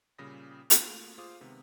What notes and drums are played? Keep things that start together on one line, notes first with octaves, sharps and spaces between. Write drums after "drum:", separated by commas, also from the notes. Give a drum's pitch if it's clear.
A#2 C#3 G3 B5 D#6 A#6
A3 A#3 F4 F#4 G#4, drum: hi-hat
F4 G#4 C5 F5 D6 D#6
C3 D#3 G#3 B3